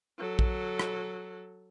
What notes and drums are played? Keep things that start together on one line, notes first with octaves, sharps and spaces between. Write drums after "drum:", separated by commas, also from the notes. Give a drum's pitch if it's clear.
F#3 A4
drum: kick
drum: rim click